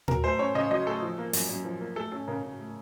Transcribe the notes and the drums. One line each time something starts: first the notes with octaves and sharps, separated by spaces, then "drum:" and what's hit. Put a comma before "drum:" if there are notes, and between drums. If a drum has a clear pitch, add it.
F#3 A#4, drum: tom
A3 C5
C#4 C#5
C#3 D#5
F#3 D#5
A3 A4
F3
A#3
F#2, drum: open hi-hat
F#2
F3
A#3
A3 A4
C#4 A4
C#3 A#4
C#3
A3